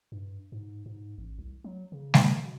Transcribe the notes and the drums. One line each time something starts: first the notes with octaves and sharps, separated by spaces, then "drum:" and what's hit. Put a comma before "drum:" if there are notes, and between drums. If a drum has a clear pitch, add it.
G2
G#2
G#2
A1
C2
F#3
C#3
D#3, drum: snare G3
B2